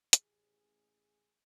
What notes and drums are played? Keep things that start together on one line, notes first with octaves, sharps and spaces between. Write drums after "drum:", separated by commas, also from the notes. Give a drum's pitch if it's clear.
A1 G#4, drum: hi-hat